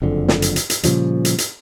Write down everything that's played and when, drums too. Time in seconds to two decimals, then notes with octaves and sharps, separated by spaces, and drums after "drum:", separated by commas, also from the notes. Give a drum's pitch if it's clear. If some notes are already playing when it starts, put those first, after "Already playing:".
0.02 F#1 F2 D3
0.28 drum: snare
0.42 drum: hi-hat
0.56 drum: hi-hat
0.70 drum: hi-hat
0.83 A#2 C#3 F3 G3, drum: hi-hat
1.25 drum: hi-hat
1.38 drum: hi-hat